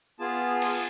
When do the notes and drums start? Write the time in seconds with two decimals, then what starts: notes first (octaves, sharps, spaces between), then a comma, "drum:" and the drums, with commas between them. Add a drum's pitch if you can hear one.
0.19 B3 F4 G#4 A5
0.62 drum: open hi-hat